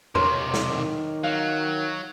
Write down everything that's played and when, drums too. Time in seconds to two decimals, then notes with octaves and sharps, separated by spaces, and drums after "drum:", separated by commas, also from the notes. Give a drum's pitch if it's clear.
0.15 B1 C3 A#4 C#5 C6, drum: tom E2
0.54 drum: snare
0.69 D#3
1.24 F#3 F5